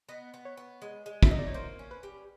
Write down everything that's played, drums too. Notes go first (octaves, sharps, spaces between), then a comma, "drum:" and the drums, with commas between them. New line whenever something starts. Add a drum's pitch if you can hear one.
B3 D#5
B3
C#5
B3
G#3
G#3
E5, drum: kick
D#4 D#5
D5
C#5
A#3 C5
C#4
B4
G3